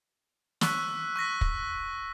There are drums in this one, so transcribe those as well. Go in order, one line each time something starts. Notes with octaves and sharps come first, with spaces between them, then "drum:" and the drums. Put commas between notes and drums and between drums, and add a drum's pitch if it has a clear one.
C#6 E6 F#6 B6, drum: snare
C#6 F#6 A#6 B6
drum: kick